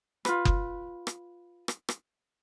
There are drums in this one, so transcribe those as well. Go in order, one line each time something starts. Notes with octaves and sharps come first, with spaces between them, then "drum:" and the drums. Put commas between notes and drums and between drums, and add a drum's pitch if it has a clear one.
F4 B4, drum: rim click
drum: kick F#1
drum: rim click
drum: rim click
drum: rim click